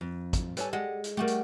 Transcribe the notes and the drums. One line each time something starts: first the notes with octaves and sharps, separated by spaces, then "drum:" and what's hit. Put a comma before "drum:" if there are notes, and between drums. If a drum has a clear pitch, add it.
F2
drum: kick, hi-hat
G3 A4 B4 C#5 G#5, drum: hi-hat
G#3 G4 D5 F#5
drum: hi-hat
G3 A3 F#4 G4 A#4
drum: hi-hat